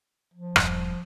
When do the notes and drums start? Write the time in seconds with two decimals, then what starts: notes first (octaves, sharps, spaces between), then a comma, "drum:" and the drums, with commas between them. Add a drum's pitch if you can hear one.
0.34 F3
0.56 E1 G2, drum: rim click